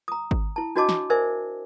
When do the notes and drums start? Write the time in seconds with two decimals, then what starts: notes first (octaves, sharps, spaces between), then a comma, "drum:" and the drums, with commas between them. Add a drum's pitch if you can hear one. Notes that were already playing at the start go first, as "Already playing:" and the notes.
0.08 A#5 D#6
0.31 drum: kick G#1
0.56 E4 A5
0.76 D4 F#4 C#5 D#5 A5 D6
0.89 drum: snare
1.10 A#4 C5 D5 E5 G#5